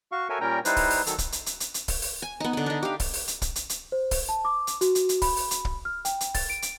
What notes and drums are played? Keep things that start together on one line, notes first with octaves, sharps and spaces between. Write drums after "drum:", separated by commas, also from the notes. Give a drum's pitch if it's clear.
F#4 F5 C#6
F#4 A4 A#4 C#5 E5 G#5
A#2 G3 C#4 A#4 G5 A#5
G3 D#4 E4 B4 C5, drum: hi-hat
drum: kick, open hi-hat
drum: open hi-hat
D#3 F#3 A4, drum: hi-hat
drum: kick, hi-hat
drum: hi-hat
drum: hi-hat
drum: hi-hat
drum: hi-hat
drum: kick, open hi-hat
drum: open hi-hat
G#5
B3 D#4
D3 B3
D4 D#4
G4 F5
drum: kick, open hi-hat
drum: open hi-hat
drum: hi-hat
drum: kick, hi-hat
drum: hi-hat
drum: hi-hat
C5
drum: kick, open hi-hat
A5
D6
drum: hi-hat
F#4, drum: hi-hat
drum: hi-hat
drum: hi-hat
B5, drum: kick, open hi-hat
drum: open hi-hat
drum: hi-hat
drum: kick
F6
G5, drum: hi-hat
drum: hi-hat
A6, drum: kick, open hi-hat
D7
drum: hi-hat